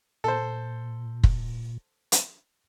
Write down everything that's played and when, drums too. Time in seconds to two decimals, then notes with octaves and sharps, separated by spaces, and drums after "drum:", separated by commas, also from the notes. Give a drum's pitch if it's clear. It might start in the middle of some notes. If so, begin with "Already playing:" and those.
0.24 A#2 A4 C5
1.23 drum: kick
2.12 drum: hi-hat